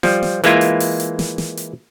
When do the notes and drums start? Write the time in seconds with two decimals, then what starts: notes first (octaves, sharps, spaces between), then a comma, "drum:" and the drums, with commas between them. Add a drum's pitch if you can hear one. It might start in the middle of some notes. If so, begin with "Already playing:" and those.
0.03 F3 G3, drum: snare
0.23 drum: snare
0.44 E3 G#3 A#3 E4 F4, drum: hi-hat
0.61 drum: hi-hat
0.80 drum: open hi-hat
1.00 drum: hi-hat
1.19 drum: snare
1.38 drum: snare
1.57 drum: hi-hat